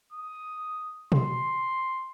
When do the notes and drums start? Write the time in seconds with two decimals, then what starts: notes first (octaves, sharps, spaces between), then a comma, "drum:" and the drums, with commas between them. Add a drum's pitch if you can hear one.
0.12 D#6
1.12 C6, drum: tom B2